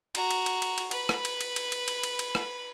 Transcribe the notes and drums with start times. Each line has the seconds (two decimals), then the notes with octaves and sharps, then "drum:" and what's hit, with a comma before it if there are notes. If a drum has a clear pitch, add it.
0.15 F#4 A#5, drum: cymbal
0.31 drum: cymbal
0.46 drum: cymbal
0.62 drum: cymbal
0.78 drum: cymbal
0.91 B4 B5, drum: cymbal
1.09 drum: rim click
1.25 drum: cymbal
1.41 drum: cymbal
1.56 drum: cymbal
1.72 drum: cymbal
1.88 drum: cymbal
2.03 drum: cymbal
2.19 drum: cymbal
2.35 drum: rim click